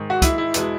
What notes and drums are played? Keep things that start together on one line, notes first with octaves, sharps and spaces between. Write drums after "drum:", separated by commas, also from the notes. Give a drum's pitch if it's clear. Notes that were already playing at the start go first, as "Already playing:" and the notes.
Already playing: G#2 D#3 G#3
F#4
E4, drum: kick, hi-hat
E4
E2 B2 G#3, drum: hi-hat